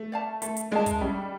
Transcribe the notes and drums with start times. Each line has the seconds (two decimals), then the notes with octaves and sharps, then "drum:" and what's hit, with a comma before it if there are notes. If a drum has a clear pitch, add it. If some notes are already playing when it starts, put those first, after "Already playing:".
Already playing: A3
0.12 D5 F5 A5
0.42 A3 A4, drum: hi-hat
0.57 drum: hi-hat
0.71 G#3 D5 F5 A5
0.86 drum: kick, hi-hat
1.01 G3 C#4